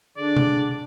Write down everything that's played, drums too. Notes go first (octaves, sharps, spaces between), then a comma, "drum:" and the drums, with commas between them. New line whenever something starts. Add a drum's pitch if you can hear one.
D3 D4 G#4 D5
drum: tom B2